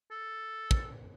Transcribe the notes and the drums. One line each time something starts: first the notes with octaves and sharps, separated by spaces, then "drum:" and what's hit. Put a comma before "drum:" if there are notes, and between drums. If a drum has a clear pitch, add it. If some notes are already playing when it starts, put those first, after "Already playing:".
A4
drum: kick